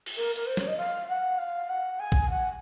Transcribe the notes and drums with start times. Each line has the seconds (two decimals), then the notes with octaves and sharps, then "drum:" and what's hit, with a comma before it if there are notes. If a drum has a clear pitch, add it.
0.06 drum: cymbal
0.17 A#4
0.36 A#4, drum: hi-hat
0.47 C5
0.57 C#5, drum: snare
0.67 D#5
0.78 F5
1.09 F#5
1.39 F5
1.69 F#5
2.00 G#5
2.12 drum: kick
2.31 F#5